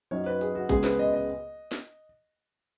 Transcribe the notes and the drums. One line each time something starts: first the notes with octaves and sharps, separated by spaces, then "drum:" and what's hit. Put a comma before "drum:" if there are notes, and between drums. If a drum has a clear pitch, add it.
F#2 F#3 D#4 C#5
B4
G#4, drum: hi-hat
F#4
C#2 C#3 G#3 B3 G#4, drum: kick A1
B4, drum: snare
D#5
D#5
drum: snare